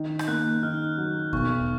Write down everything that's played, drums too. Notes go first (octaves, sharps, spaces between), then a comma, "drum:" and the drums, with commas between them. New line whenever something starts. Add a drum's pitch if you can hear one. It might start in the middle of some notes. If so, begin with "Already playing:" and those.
Already playing: D#3
G6, drum: rim click
A#3 F#6
D#3 F6
F#3
B1 C#6, drum: kick E2